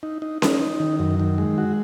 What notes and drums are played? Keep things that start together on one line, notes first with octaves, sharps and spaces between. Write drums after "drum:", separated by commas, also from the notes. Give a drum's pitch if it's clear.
D#4
D#4
D#4, drum: snare C#4
D#4
D#3
F#2
D#3
G#3
F#4